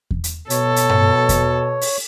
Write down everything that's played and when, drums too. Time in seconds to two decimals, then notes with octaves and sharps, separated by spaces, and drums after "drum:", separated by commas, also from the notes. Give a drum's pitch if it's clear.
0.11 drum: kick E2
0.24 drum: hi-hat
0.50 B2 A4 C#5, drum: hi-hat
0.76 drum: hi-hat
0.89 drum: tom G2
1.29 drum: kick E2, hi-hat
1.81 drum: open hi-hat